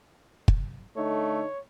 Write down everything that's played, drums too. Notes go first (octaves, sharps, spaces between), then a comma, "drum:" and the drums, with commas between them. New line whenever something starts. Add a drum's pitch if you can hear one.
drum: kick
D3 A3 D#4 C#5